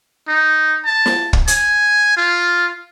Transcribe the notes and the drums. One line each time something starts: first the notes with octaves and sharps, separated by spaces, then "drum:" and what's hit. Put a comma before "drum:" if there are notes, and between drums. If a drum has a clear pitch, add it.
D#4
A5
drum: snare
drum: kick
G#5, drum: hi-hat
F4